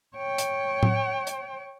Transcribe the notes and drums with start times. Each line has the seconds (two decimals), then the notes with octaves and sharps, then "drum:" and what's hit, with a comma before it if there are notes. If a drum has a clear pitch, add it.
0.16 C#5 G5
0.38 drum: hi-hat
0.83 drum: tom A2
1.27 drum: hi-hat